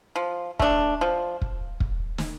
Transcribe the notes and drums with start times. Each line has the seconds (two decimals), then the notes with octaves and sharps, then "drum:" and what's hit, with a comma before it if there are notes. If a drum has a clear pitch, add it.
0.16 F3
0.59 A3 D4, drum: kick
1.01 F3
1.42 drum: kick
1.80 drum: kick
2.18 drum: snare